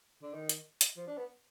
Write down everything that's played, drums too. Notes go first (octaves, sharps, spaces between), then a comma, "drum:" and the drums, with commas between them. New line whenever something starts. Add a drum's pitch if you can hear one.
D3
D#3
drum: hi-hat
drum: hi-hat
F3
D4
B3